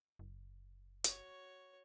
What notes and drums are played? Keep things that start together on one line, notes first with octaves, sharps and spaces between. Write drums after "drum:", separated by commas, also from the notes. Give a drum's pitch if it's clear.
F#1
F#4 C#5, drum: hi-hat